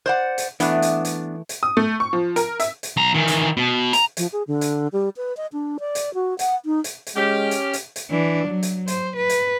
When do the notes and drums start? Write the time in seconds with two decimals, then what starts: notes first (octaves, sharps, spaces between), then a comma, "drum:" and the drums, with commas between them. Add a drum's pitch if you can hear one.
0.06 C5 D5 F#5
0.38 drum: hi-hat
0.60 E3 A3 B3 D4, drum: hi-hat
0.82 drum: hi-hat
1.05 drum: hi-hat
1.49 drum: hi-hat
1.63 D#6
1.77 A3
2.00 C#6
2.13 F3
2.36 A#4, drum: hi-hat
2.60 E5, drum: hi-hat
2.83 drum: hi-hat
2.97 B1 A#5
3.14 D#3 E3
3.28 drum: hi-hat
3.57 B2
3.93 A#5, drum: hi-hat
4.17 F3, drum: hi-hat
4.33 G#4
4.48 D3
4.61 drum: hi-hat
4.92 G3
5.17 B4
5.37 D#5
5.53 D4
5.80 D5
5.95 drum: hi-hat
6.14 F#4
6.39 F#5, drum: hi-hat
6.65 D#4
6.84 drum: hi-hat
7.07 drum: hi-hat
7.16 G#3 C#4 G4 F6
7.51 drum: hi-hat
7.73 drum: hi-hat
7.96 drum: hi-hat
8.10 E3 D4
8.48 F#3
8.63 drum: hi-hat
8.88 C5, drum: hi-hat
9.17 B4
9.29 drum: hi-hat